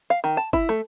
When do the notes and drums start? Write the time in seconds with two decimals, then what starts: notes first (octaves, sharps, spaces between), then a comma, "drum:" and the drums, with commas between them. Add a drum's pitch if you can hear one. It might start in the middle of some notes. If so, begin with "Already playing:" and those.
0.10 F5
0.24 D#3
0.37 A5
0.53 E4, drum: kick F#1
0.69 A3